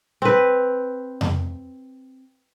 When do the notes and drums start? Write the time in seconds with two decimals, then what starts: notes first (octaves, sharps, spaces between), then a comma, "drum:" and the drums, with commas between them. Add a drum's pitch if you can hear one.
0.22 C4 B4
1.21 drum: tom F2